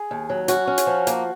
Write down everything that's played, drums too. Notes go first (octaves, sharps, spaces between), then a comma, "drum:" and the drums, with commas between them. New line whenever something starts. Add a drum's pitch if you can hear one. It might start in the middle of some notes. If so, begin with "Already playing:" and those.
Already playing: G#4
D#2
F#3
C#4 F#4, drum: hi-hat
C#4
drum: hi-hat
F3
A#3, drum: hi-hat